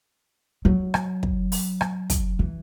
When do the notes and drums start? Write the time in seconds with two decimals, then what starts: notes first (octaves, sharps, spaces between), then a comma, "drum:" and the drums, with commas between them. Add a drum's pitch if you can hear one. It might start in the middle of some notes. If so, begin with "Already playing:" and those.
0.65 F#3
0.94 drum: rim click
1.23 drum: kick
1.52 drum: open hi-hat
1.81 drum: rim click
2.10 drum: kick, hi-hat
2.39 E3